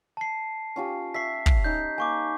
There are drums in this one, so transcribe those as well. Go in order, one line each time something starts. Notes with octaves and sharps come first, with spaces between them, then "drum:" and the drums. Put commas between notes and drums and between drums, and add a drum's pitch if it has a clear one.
A5 C7
C#4 F4 G4
E5 C#6 B6 C7
drum: kick
C#4 D#4 D#5 G6
A#3 G#5 C#6 D6